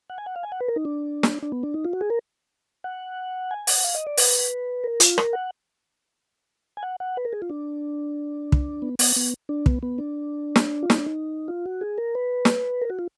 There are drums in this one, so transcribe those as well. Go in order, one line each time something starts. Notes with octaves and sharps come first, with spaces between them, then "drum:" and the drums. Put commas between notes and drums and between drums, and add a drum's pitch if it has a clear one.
F#5
G#5
F#5
F5
G#5
F#5
B4
A#4
D#4
D4
drum: snare
D4
B3
D4
D#4
F4
F#4
G#4
A#4
F#5
G#5
F#5, drum: open hi-hat
F5
D#5
D5
B4, drum: open hi-hat
A#4
F4, drum: hi-hat
A#4, drum: rim click
F#5
G#5
F#5
F#5
B4
A#4
G#4
F4
D4
drum: kick
B3
B3, drum: open hi-hat
B3
D4
B3, drum: kick
B3
D4
drum: snare
F4
D#4, drum: snare
D4
D#4
F4
F#4
G#4
A#4
B4
drum: snare
A#4
F#4
F4